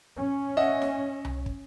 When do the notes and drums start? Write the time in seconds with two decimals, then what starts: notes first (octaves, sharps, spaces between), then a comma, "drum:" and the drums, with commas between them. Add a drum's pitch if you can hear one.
0.17 C#4
0.57 D#5 E5 F#5
0.82 drum: snare
1.25 drum: tom C2
1.46 drum: kick